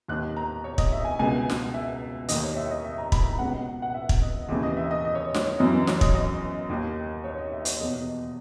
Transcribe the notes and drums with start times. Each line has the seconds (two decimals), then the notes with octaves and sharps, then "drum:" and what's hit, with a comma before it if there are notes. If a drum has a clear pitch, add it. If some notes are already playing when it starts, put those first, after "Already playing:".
0.08 D#2 D#3 F#6
0.37 A#5
0.64 C#5
0.78 D#5, drum: kick
0.92 E5
1.05 G#5
1.19 C#2 B2 G#5
1.50 drum: snare
1.74 E5
2.28 D#2 D#3 D#5, drum: hi-hat
2.43 C#5
2.56 E5
2.71 D#5
2.84 E5
2.98 A#5
3.12 B5, drum: kick
3.26 A#5
3.39 C#2 B2 F#5
3.82 F#5
3.94 E5
4.09 drum: kick
4.22 D#5
4.49 D#2 C#3 E3
4.63 D#5
4.77 E5
4.91 D#5
5.05 D#5
5.15 C#5
5.34 C#5, drum: snare
5.59 F#2 E3 D#5
5.87 C#5, drum: snare
6.01 D#5, drum: kick
6.15 D#5
6.69 D#2 D#3
7.24 C#5
7.39 D#5
7.52 E5
7.65 C#5, drum: hi-hat
7.79 E2 B2 D#5